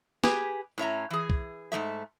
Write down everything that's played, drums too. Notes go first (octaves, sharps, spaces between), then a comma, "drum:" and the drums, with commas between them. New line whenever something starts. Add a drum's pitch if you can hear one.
G4 G#4 B4 G#5, drum: snare
A2 C#4 E5 A#5
E3 G#4
drum: kick C2
G#2 G#3 A3 E5